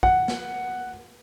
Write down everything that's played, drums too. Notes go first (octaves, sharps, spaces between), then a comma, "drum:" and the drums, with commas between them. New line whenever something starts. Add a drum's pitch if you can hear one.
F#5, drum: kick
drum: snare